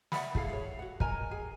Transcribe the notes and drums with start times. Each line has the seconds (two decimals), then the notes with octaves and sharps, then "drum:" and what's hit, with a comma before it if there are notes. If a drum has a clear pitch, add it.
0.12 D5 E5 F#5 B5, drum: snare
0.35 E4 G#4 A4 F5, drum: kick
0.50 G#4 C#5
0.79 F#4 F#5
1.00 A#4 D#5 G#5 A#5, drum: kick
1.31 G#4 G#5